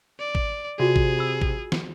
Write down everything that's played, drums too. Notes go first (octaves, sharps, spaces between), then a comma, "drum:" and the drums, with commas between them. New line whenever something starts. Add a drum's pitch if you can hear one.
D5
drum: kick G#1
C3 F4 F#4 G#4 D5
drum: kick G#1
B5 E6
drum: kick G#1
drum: snare